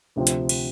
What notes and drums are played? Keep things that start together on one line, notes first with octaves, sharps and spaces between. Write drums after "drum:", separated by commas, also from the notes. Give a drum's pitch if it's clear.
D2 C3 F3 C4
drum: hi-hat
drum: cymbal